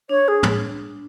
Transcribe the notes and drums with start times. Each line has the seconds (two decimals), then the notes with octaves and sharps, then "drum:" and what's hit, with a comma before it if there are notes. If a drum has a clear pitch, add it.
0.09 D4 C#5
0.28 G#4
0.43 drum: tom